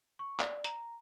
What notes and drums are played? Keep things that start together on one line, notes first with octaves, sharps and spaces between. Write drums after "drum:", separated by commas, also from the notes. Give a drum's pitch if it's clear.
C#6
D5, drum: clap
A#5, drum: hi-hat